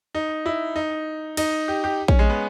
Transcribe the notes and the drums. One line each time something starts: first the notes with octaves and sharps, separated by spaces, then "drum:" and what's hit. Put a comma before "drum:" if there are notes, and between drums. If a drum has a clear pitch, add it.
D#4
E4
D#4
D#4, drum: cymbal
G4
G4
C#4, drum: kick A#1
G#3
B3